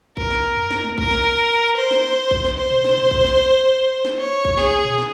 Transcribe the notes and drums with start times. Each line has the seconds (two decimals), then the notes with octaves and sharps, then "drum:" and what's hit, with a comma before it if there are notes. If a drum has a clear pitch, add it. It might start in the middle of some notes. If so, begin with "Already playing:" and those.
0.17 A#4, drum: kick A#1
0.30 drum: snare
0.57 drum: tom F2
0.71 drum: snare
0.84 drum: tom G#3
0.98 A#4, drum: kick A#1
1.11 drum: snare
1.78 C5
1.91 drum: snare
2.31 drum: kick A#1
2.44 drum: snare
2.58 C5
2.71 drum: tom B2
2.84 drum: snare
2.98 drum: tom B2
3.11 drum: kick A#1
3.24 drum: snare
4.05 drum: snare
4.18 C#5
4.45 drum: kick A#1
4.58 G#4, drum: snare
4.85 drum: tom A#2
4.98 drum: snare